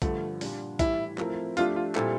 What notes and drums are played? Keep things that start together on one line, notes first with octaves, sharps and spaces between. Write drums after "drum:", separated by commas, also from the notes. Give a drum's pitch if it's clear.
G2 D3 F3 A3, drum: kick A#1, hi-hat
A#2 G3 D4 F4, drum: open hi-hat
A2 E3 G3 E4, drum: kick A#1, hi-hat
F3 A3 C4 E4 A#4, drum: clap
F3 A3 D4 F4 G4, drum: hi-hat
F4
A#2 G3 C4 E4 G4 A4, drum: clap